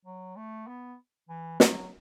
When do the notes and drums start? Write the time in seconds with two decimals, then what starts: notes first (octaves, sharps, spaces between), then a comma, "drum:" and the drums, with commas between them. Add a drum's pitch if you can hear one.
0.05 F#3
0.36 A3
0.67 B3
1.29 E3
1.60 F#3, drum: snare